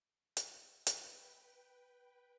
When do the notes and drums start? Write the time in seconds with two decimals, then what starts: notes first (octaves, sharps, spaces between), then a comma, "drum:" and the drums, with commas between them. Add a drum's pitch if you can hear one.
0.37 drum: hi-hat
0.87 B4 G5, drum: hi-hat